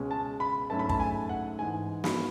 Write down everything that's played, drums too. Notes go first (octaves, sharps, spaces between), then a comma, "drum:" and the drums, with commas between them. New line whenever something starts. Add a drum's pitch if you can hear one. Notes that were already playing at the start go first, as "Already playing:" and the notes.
Already playing: C#2 B2 G#3 C#4
A5
B5
G#2 F#3 A3 C#4 A5
B5
A5, drum: kick
G#5
F#5
G#2 E3 G#3 G#5
B5, drum: snare